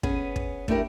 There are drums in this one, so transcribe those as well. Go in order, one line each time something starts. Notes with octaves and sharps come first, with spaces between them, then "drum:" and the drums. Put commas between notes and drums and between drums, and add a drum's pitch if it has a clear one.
B3 C#4 G#4, drum: kick
drum: kick
A3 B3 D4 E4 G4 A#4, drum: kick